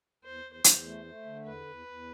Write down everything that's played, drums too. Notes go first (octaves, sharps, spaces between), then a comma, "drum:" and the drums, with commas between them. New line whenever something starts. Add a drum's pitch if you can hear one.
E2 C5
E2
C5
E2, drum: hi-hat
A3
A3
D3
E2 B4
E2
E2